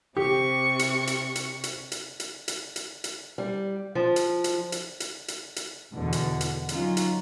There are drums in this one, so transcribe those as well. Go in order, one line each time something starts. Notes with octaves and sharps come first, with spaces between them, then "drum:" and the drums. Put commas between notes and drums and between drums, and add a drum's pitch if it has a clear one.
C3 G4 C#6
drum: hi-hat
drum: hi-hat
drum: hi-hat
drum: hi-hat
drum: hi-hat
drum: hi-hat
drum: hi-hat
drum: hi-hat
drum: hi-hat
G3
F3
drum: hi-hat
drum: hi-hat
drum: hi-hat
drum: hi-hat
drum: hi-hat
drum: hi-hat
E2 B2 D3
drum: hi-hat
drum: hi-hat
F#3 C#4 D#4 F4, drum: hi-hat
drum: hi-hat